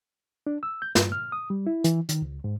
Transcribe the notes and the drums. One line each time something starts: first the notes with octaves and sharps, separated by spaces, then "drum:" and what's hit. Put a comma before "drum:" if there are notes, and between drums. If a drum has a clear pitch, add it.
D4
E6
G6
G2, drum: snare
F6
D#6
G3
E4
E3, drum: hi-hat
D#3, drum: hi-hat
C#2
G#2